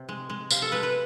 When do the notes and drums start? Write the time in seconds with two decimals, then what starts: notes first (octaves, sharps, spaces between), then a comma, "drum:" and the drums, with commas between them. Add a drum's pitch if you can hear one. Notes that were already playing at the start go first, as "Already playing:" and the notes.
Already playing: C3
0.09 G#3
0.30 G#3
0.51 C3 F5, drum: tambourine
0.62 A4
0.72 G#3 B4
0.83 B4